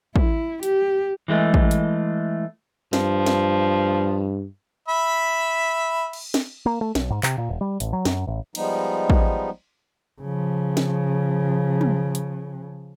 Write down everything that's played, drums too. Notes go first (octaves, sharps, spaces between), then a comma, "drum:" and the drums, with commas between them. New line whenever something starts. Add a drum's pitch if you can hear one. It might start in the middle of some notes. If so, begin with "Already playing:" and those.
E4, drum: kick
G4, drum: hi-hat
E3 G#3 A3
drum: kick
drum: hi-hat
G2 F3, drum: snare
drum: snare
E5 B5
drum: cymbal
drum: snare
A#3
A3
B1, drum: snare
G#2
C3, drum: clap
A#2
E1
G3
A1, drum: hi-hat
F#3
F#2, drum: snare
A1
F3 G3 G#3 B3 D#4, drum: cymbal
drum: kick
C#3 F3
drum: snare
drum: tom
drum: hi-hat